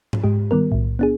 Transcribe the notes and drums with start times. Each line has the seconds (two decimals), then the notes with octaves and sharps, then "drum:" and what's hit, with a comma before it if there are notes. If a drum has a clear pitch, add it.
0.13 drum: tom G#2
0.24 G#2 G#3 G4
0.51 D#3 G3 B3 A#4
0.72 B1 A2
0.99 B3 D4 G#4